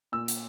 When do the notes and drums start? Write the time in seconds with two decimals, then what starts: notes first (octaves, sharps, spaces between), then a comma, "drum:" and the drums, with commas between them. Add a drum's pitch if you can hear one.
0.12 A#2 E6
0.28 drum: hi-hat